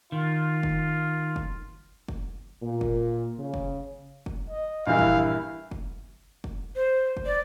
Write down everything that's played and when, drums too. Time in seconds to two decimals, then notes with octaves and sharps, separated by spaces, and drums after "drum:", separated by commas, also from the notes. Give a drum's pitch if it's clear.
0.12 D#3 F4
0.63 drum: kick
1.36 drum: kick
2.08 drum: kick
2.63 A#2
2.81 drum: kick
3.40 C#3
3.54 drum: kick
4.26 drum: kick
4.50 D#5
4.87 A#1 G2 E3 E4 F5
4.99 drum: kick
5.71 drum: kick
6.44 drum: kick
6.76 C5
7.17 drum: kick
7.26 D5